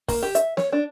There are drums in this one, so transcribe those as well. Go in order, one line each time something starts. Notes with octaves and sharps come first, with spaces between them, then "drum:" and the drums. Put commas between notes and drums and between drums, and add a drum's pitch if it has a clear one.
A#3, drum: kick, open hi-hat
G4
E5, drum: hi-hat
C#5, drum: snare
D4